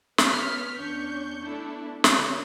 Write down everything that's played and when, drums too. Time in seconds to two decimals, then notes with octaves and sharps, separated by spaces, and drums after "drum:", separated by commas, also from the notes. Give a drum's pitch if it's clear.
0.18 B3 C#4 F6 B6, drum: snare
0.77 E2 C#4 D4 C#6 G6
1.41 A3 B3 D4 E4 A4
2.04 D3 A#3 C#4, drum: snare